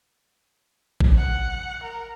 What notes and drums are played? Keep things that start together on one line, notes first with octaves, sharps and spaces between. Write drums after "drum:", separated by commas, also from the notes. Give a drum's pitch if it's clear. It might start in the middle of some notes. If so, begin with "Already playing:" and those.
drum: kick A1
F#5
A#4